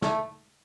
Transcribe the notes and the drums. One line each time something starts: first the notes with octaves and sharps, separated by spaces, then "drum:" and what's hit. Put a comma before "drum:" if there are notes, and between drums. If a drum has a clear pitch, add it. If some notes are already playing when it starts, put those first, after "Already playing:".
A3, drum: snare